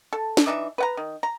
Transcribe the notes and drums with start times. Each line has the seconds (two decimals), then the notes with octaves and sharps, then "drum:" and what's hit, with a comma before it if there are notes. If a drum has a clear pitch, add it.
0.13 A4
0.37 drum: snare
0.47 E3 D4 D#4 E5
0.78 B4 F#5 A#5
0.97 D#3
1.23 A#5